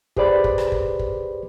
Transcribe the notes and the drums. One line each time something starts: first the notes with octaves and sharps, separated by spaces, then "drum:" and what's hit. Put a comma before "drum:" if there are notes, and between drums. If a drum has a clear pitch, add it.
G4 G#4 B4 C5 D5 B5, drum: kick
drum: kick
drum: rim click
drum: kick
drum: kick